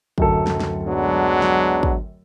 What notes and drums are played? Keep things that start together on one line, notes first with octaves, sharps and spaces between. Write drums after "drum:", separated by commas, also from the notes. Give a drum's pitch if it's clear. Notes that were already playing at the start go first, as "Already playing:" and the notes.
D1 F#2 A4, drum: kick
drum: snare
drum: snare
F#3 G#3 B3 D4
drum: snare
drum: kick